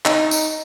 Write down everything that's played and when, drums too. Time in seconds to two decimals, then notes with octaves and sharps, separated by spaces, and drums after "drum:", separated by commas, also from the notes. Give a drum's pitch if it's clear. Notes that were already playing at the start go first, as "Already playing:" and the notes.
0.05 D#4, drum: clap
0.31 drum: tambourine